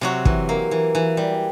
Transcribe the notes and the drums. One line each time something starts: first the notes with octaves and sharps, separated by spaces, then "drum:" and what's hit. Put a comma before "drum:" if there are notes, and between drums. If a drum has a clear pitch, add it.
C3 F#3 F#4
E3, drum: kick
A#3
E3
E3
G3